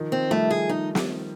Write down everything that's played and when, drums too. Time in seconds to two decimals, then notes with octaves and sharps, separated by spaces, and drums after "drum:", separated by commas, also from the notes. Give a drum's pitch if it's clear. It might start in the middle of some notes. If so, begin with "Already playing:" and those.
Already playing: D#3 F3
0.12 C4
0.30 F3 G3 A3
0.51 G#4
0.69 D#4
0.95 drum: snare